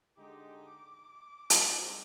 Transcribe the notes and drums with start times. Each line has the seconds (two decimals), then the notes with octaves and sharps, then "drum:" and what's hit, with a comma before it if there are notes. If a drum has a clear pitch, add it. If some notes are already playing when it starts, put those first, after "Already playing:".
0.17 D3 G#3 D#4 G4 D6
0.54 D6
1.50 drum: hi-hat
1.67 G#2 G3 C4